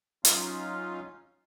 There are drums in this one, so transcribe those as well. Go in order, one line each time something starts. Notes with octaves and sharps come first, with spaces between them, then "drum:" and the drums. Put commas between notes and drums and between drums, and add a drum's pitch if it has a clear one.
F#3 C#4 D#4 F4 F5, drum: hi-hat